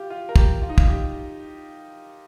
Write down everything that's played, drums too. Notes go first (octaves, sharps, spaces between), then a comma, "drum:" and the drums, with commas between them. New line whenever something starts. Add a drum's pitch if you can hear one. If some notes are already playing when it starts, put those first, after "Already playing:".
Already playing: F4 G4
F4
A#4
G4, drum: kick
F4
D#4
F4, drum: kick
G4